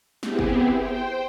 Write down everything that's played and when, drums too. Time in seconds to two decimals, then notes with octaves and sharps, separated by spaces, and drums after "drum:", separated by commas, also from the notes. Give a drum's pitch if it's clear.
0.23 B3 C4 E4 G4 G#4, drum: snare
0.39 drum: kick F#1
0.74 C5 G5